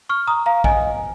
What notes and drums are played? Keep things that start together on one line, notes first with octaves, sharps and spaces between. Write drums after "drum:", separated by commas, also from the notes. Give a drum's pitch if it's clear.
C#6 F6
A#5 D#6
F5 A#5
D#5 G#5, drum: kick A#1